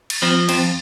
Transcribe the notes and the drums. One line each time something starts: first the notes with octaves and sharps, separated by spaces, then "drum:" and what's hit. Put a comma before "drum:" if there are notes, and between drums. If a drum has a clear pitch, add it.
drum: cymbal
F3 C4
F2 C4, drum: cymbal